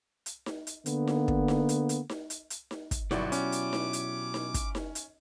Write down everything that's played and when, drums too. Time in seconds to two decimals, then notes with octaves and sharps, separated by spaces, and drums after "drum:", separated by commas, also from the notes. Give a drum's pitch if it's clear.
0.26 drum: hi-hat
0.46 drum: snare D#4
0.67 drum: hi-hat
0.86 D3 A#3 B3, drum: hi-hat
1.07 drum: snare D#4
1.28 drum: kick
1.48 drum: snare D#4
1.69 drum: hi-hat
1.89 drum: hi-hat
2.09 drum: snare D#4
2.30 drum: hi-hat
2.50 drum: hi-hat
2.71 drum: snare D#4
2.91 drum: kick, hi-hat
3.11 G1 B2 F#3 E4 F#4 G4 D5, drum: snare D#4
3.32 C#4 D6, drum: hi-hat
3.52 drum: hi-hat
3.73 drum: snare D#4
3.93 drum: hi-hat
4.34 drum: snare D#4
4.54 drum: kick, hi-hat
4.75 drum: snare D#4
4.95 drum: hi-hat